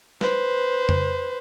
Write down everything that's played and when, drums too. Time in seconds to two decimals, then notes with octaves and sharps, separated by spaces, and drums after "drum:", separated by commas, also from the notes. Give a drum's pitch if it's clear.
0.21 B4 C5, drum: snare
0.89 drum: tom F2